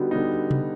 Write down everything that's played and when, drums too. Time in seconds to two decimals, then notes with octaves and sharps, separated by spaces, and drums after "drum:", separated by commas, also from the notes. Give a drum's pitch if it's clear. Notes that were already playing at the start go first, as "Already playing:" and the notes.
Already playing: D3 G3 B3 D#4 F#4
0.11 D3 G3 B3 D#4
0.51 drum: tom C3